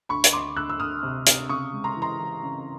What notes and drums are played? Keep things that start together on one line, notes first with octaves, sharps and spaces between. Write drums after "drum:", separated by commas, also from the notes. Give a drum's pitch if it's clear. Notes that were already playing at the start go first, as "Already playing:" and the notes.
D2 B5 C#6
drum: hi-hat
D2 C6 D6
D2 E6 F#6
E6
D2 D#6 F6
C3
C3, drum: hi-hat
C#3 C#6 D#6
G#3
A#5 C6
E3
A#5 C6
E3
C#3